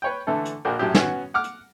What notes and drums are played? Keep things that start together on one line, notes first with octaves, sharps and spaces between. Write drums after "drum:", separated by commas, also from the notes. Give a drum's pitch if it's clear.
B4 C#5 G5
D3 E3 A3 A4
drum: hi-hat
A#1 F#4 G#4 A#4 D5 G5
F#2 A2 F#3 G4
B3 C#4 F#4, drum: snare
F#5 D6 F6
drum: hi-hat